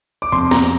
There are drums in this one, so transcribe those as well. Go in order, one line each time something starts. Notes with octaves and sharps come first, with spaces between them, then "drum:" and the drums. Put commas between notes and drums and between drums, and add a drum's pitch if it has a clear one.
D6
F2 C6
A#5, drum: snare